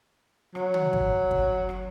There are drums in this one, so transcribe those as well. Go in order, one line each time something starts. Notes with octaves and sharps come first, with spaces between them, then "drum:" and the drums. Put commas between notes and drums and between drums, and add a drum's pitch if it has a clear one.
F#3, drum: rim click
drum: tom
drum: kick
drum: kick
drum: rim click